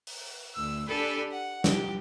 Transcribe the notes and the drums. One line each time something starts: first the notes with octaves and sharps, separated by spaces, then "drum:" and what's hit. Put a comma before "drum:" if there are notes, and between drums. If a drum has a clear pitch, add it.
drum: open hi-hat
D2 E6
D4 G4 A4 G#5 B5
F#5
G4, drum: snare